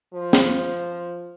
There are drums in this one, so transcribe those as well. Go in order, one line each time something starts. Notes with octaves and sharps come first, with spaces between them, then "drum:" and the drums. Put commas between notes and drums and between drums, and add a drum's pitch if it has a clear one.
F3
drum: snare